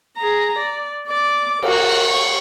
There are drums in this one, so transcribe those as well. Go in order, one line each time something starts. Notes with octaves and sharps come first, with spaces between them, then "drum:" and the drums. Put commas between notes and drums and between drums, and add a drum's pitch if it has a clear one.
G#4 A#5
D5
D5 D6
F#4 A#4, drum: cymbal
C#6